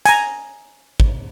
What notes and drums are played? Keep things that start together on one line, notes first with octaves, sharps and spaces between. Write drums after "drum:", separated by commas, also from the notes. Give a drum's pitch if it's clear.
G#5 A#5, drum: hi-hat
drum: kick